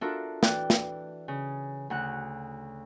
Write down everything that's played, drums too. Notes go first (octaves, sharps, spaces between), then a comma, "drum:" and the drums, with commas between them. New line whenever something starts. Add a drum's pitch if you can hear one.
D4 F4 F#4 A4 A#4 E5
E3 B4 D5 G5, drum: snare
drum: snare
C#3
D2 C#3 F#5